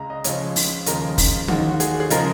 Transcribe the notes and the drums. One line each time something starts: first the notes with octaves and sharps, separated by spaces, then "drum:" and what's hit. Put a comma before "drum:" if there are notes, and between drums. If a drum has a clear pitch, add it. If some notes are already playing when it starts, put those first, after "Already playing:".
Already playing: C#2 C#3 G#3 A#5
D#5
C#2 C#3 F3 G#3 C#5, drum: hi-hat
drum: open hi-hat
D#2 C#3 F3 G#3 A#4, drum: hi-hat
drum: kick, open hi-hat
D#2 D#3 G#3 F#4, drum: tom
F#4
G#4, drum: hi-hat
G#4
C#3 F3 G#3 A#4, drum: hi-hat